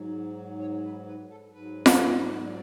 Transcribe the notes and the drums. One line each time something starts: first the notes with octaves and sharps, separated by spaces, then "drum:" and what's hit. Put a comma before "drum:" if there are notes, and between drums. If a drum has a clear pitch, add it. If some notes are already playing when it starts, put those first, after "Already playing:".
Already playing: G#2 F#3
C#5
B4
B4
A4
G#2 F#3 B4
drum: snare F4
D5